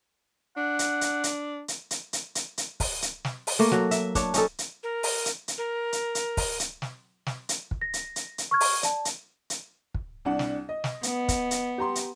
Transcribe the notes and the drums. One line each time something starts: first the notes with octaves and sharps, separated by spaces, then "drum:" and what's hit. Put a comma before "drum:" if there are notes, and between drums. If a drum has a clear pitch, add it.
D4 F#5
drum: hi-hat
drum: hi-hat
drum: hi-hat
drum: hi-hat
drum: hi-hat
drum: hi-hat
drum: hi-hat
drum: hi-hat
drum: kick, open hi-hat
drum: hi-hat
drum: snare
drum: open hi-hat
A3 A#3
F#3, drum: snare
E5, drum: hi-hat
D4 C#5, drum: kick, hi-hat
C#4 D#4 A4, drum: hi-hat
drum: hi-hat
A#4
drum: open hi-hat
drum: hi-hat
drum: hi-hat
A#4
drum: hi-hat
drum: hi-hat
drum: kick, open hi-hat
drum: hi-hat
drum: snare
drum: snare
drum: hi-hat
drum: kick
A#6
drum: hi-hat
drum: hi-hat
drum: hi-hat
C#6 F6 G#6
drum: open hi-hat
D5 A5, drum: hi-hat
drum: hi-hat
drum: hi-hat
drum: kick
C2 D4 F#5
drum: snare
D#5
drum: snare
B3, drum: hi-hat
drum: kick, hi-hat
drum: hi-hat
G4 A#5 C6
drum: hi-hat